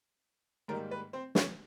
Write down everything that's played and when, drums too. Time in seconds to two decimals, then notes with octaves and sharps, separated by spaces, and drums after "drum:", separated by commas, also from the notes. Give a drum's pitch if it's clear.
0.68 G#2 D#3 G3 A#3 A#4
0.91 B4
1.13 C4 C5
1.35 C#4 C#5, drum: snare